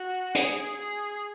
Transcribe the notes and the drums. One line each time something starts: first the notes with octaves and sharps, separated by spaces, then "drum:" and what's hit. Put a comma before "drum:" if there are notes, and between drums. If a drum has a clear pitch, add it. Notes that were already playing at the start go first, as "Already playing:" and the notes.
Already playing: F#4
G#4, drum: hi-hat
G#4